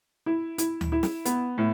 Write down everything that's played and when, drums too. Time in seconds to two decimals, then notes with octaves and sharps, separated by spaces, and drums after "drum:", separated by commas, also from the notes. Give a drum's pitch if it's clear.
0.26 E4
0.58 E4, drum: hi-hat
0.81 drum: tom D2
0.92 E4
1.03 drum: snare
1.25 B3, drum: hi-hat
1.58 A2